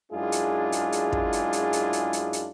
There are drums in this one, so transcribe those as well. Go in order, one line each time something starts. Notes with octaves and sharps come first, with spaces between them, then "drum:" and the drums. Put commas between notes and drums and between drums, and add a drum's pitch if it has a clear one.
F#2 G#3 D4 E4 F4 G#4
drum: hi-hat
drum: hi-hat
drum: hi-hat
drum: kick
drum: hi-hat
drum: hi-hat
drum: hi-hat
drum: hi-hat
drum: hi-hat
drum: hi-hat